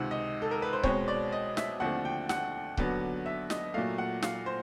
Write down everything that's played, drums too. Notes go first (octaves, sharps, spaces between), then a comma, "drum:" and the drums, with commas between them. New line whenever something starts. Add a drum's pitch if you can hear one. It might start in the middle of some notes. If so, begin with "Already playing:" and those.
Already playing: C#2 C3 D#3 F#5
D#5
A4
A#4
B4
C5
B2 G#3 C4 C#5, drum: kick C#1
D5
D#5
E5, drum: snare
D#2 D3 F3 A3 C4 F#5
G5
F#5, drum: snare
D#2 D3 F#3 B3, drum: kick C#1
E5
D#5, drum: snare
A#2 F#3 A3 F5
F#5
F5, drum: snare
C5